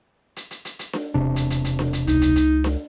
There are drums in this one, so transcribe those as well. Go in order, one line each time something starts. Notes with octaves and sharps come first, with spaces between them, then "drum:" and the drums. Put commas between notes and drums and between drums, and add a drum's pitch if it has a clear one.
drum: hi-hat
drum: hi-hat
drum: hi-hat
drum: hi-hat
drum: snare D4
E1 C3 D4
drum: hi-hat
drum: hi-hat
drum: hi-hat
drum: snare D4
drum: hi-hat
C#2 D#4, drum: hi-hat
drum: hi-hat
drum: hi-hat
drum: snare D4